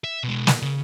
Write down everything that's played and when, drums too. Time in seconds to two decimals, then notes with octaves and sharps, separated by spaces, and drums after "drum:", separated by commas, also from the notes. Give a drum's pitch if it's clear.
0.04 E5
0.23 B2 G#3
0.47 drum: snare
0.62 C#3